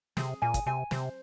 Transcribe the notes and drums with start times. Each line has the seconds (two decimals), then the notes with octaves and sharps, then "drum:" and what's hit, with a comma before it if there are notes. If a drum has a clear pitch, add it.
0.17 C3 G#4, drum: snare
0.42 A#2 G#5
0.54 drum: kick, hi-hat
0.66 C3 G#5
0.91 C3 C5, drum: snare